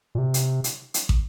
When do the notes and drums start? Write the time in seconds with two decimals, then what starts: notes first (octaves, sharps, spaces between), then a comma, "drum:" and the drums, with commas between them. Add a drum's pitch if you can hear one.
0.15 A#2
0.18 C3
0.34 drum: hi-hat
0.64 drum: hi-hat
0.94 drum: hi-hat
1.09 drum: kick